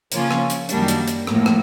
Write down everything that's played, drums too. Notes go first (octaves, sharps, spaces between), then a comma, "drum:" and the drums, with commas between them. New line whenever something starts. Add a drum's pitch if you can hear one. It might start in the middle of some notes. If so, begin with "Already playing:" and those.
C#3 F3 A#3 C#4 F4, drum: hi-hat
drum: rim click
drum: hi-hat
F#2 D#3 G3 A#3 D4, drum: hi-hat
drum: hi-hat
drum: hi-hat
A2 F3 A#3, drum: rim click
drum: rim click